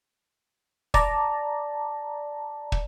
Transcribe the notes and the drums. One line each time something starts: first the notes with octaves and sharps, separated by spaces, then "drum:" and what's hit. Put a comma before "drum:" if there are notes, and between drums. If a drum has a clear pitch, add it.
D5 A5 A#5, drum: kick
drum: kick